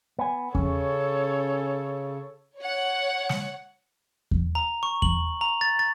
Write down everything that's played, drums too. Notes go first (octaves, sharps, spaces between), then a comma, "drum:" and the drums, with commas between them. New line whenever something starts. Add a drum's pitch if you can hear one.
B3 G#5
C#3 C#4 A4 C#5, drum: kick E2
C#5 F#5
drum: snare
drum: kick E2
A#5
C#6
F#7, drum: kick E2
A#5
A6
A6